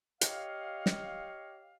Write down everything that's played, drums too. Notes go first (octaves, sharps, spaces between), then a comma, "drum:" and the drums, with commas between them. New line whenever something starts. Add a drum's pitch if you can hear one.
G4 C#5 D#5 F5, drum: hi-hat
drum: snare